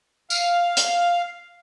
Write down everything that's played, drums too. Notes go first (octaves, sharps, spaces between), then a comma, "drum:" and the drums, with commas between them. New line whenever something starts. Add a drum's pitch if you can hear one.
F5, drum: tambourine
drum: hi-hat